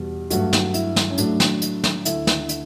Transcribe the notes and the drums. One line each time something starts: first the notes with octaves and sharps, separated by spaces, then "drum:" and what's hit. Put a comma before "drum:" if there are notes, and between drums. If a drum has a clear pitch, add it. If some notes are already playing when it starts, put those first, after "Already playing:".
Already playing: E2 B2 G3 F#4
G2 F#3 A3 F#4, drum: hi-hat
drum: snare
E4, drum: hi-hat
drum: snare
C#4
A2 F#3 A3 D4, drum: hi-hat
drum: snare
drum: hi-hat
drum: snare
D2 D3 A3 E4, drum: hi-hat
drum: snare
drum: hi-hat